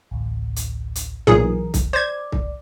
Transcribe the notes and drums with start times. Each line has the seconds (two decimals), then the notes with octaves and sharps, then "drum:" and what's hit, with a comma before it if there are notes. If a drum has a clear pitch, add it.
0.11 A1 D2
0.56 drum: hi-hat
0.95 drum: hi-hat
1.27 B1 A#2 E3 G#4 A#4
1.74 drum: kick C2, hi-hat
1.93 C5 D5 G#6
2.32 drum: kick C2